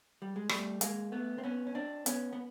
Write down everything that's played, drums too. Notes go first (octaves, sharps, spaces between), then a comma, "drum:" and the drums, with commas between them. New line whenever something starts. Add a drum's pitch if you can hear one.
G3
G#3
G3 A3, drum: rim click
G#3 A#3, drum: hi-hat
A3 B3
C4
B3 C#4
C#4
C4 D4
B3 C#4, drum: hi-hat
B3